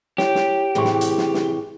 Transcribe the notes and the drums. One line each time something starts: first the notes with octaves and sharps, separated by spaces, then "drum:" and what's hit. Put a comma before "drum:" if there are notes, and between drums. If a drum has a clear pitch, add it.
E4 G4 C#5, drum: snare
drum: snare
A2 C3 E3 G#4 C#6
drum: snare
drum: hi-hat
drum: snare
drum: snare